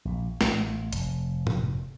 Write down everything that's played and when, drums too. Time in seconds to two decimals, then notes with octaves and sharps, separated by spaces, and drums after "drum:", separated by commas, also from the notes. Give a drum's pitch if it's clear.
0.05 A#1
0.41 A1, drum: snare
0.93 F1, drum: hi-hat
1.47 drum: tom G#2